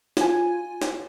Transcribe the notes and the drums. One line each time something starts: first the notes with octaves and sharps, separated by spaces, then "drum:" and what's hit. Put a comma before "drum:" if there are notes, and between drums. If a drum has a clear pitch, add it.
F4 G#5, drum: snare
drum: snare